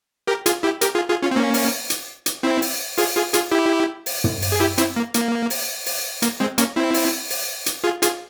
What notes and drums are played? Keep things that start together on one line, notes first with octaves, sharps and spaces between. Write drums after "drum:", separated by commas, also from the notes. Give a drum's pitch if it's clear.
G4 A#4
F4 G#4, drum: hi-hat
E4 G4
G4 A#4, drum: hi-hat
F4 G#4
F4 G#4
C#4 F4
C4
A#3 C#4
drum: open hi-hat
drum: hi-hat
drum: hi-hat
C4 E4
drum: open hi-hat
F4 G#4, drum: open hi-hat
F4 G#4
F4 G#4, drum: hi-hat
E4 G4
drum: open hi-hat
drum: tom
drum: open hi-hat
G#4
E4 G4
C4 E4, drum: hi-hat
A#3
A#3, drum: hi-hat
drum: open hi-hat
drum: open hi-hat
A#3, drum: hi-hat
G#3 C4
A#3 C#4, drum: hi-hat
C4 E4
drum: open hi-hat
drum: open hi-hat
drum: hi-hat
F4 G#4
F4 G#4, drum: hi-hat